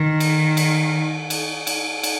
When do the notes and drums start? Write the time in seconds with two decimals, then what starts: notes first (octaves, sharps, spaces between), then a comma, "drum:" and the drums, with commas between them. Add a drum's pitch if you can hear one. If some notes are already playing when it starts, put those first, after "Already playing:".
Already playing: D#3
0.20 drum: cymbal
0.57 drum: cymbal
1.30 drum: cymbal
1.67 drum: cymbal
2.03 drum: cymbal